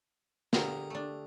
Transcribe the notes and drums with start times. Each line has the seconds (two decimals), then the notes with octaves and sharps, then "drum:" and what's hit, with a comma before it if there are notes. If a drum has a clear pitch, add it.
0.53 D3 A#3 G4 G#4 F5, drum: snare
0.90 A3 D4